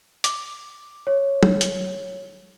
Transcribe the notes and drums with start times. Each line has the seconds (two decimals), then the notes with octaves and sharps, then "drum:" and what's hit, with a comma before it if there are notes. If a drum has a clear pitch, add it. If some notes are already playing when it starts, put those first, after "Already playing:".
0.24 D6, drum: hi-hat
1.07 C#5
1.43 drum: tom
1.61 drum: hi-hat